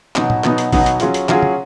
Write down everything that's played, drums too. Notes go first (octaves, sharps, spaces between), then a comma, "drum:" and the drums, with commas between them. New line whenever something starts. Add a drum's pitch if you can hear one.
B2 F#3 B3 D#4, drum: clap
drum: tom A2
B2 F#3 B3 D#4, drum: clap
drum: hi-hat
B2 F#3 B3 D#4, drum: kick A1, open hi-hat
drum: hi-hat
F#3 C#4 F4 G#4, drum: hi-hat
drum: hi-hat
F#3 C#4 F4 G#4, drum: clap
drum: tom